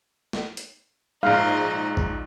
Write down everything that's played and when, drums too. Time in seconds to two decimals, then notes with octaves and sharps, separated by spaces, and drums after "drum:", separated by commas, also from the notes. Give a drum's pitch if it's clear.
0.33 drum: snare
0.57 drum: hi-hat
1.23 A#1 G#2 D#4 C5 F5
1.97 drum: kick G#1